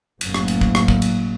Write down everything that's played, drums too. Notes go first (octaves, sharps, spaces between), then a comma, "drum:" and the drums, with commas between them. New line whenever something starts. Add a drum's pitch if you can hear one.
F#1 F#2 A2 A#3, drum: cymbal
drum: rim click
drum: cymbal
drum: kick
drum: rim click
drum: kick
drum: cymbal